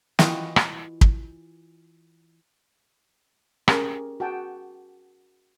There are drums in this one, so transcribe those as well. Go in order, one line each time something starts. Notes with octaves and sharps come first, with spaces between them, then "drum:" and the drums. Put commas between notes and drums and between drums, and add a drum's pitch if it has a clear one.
E3 F4 F#4 D#5 G5, drum: snare
drum: rim click
drum: kick
C#4 G4 G#4 A#4 C#5, drum: rim click
F#4 G#4 G5 A5